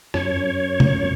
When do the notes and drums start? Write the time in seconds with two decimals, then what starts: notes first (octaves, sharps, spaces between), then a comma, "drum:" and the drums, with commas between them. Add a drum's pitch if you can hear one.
0.14 F#2 C#5, drum: rim click
0.80 drum: tom C3